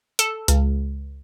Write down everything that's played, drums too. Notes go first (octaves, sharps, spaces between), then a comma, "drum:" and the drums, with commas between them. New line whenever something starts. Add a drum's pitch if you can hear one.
A4, drum: hi-hat
C#2, drum: hi-hat